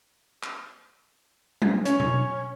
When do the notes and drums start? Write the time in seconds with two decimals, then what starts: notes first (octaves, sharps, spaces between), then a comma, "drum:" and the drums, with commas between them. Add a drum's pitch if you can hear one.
0.43 drum: clap
1.62 drum: tom F#3
1.85 C#4 C#5, drum: hi-hat
2.00 drum: tom B2